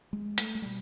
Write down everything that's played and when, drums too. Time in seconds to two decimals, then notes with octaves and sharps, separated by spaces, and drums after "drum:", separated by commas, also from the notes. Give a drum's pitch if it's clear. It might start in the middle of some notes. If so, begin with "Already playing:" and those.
0.13 G#3
0.38 A3, drum: hi-hat
0.55 G#3
0.62 B2 G3